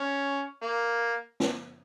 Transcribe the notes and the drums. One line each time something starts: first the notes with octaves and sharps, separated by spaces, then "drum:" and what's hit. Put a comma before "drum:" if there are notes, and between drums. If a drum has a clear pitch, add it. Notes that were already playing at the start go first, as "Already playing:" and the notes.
Already playing: C#4
A#3
drum: snare